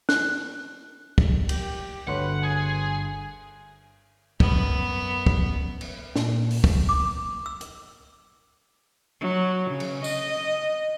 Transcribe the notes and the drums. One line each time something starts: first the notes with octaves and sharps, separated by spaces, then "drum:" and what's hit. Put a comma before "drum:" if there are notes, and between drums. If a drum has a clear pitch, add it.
F#6, drum: snare
drum: kick
G4, drum: cymbal
G1 D2 B4 C#5 F#5 C6
G#4 G#5
F#2 B3, drum: kick
drum: kick
drum: cymbal
A#2, drum: snare
drum: open hi-hat
drum: kick
D6
E6
drum: hi-hat
F#3
C#3
drum: cymbal
D#5, drum: tambourine